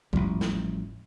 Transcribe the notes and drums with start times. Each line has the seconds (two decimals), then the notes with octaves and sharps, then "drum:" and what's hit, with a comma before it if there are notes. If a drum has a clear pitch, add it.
0.13 A1 C#3 F3 G3, drum: kick A#1
0.41 drum: snare G#3